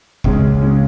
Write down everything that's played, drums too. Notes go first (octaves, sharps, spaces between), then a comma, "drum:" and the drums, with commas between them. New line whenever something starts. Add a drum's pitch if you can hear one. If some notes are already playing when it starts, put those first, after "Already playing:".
C#2 C#3 G#3 C#4, drum: kick G1
C#3 G#3 C#4